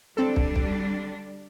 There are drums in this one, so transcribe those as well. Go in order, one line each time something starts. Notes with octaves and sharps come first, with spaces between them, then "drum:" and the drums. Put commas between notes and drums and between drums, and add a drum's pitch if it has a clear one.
D3 G3 C4 D4 A4
drum: kick
drum: kick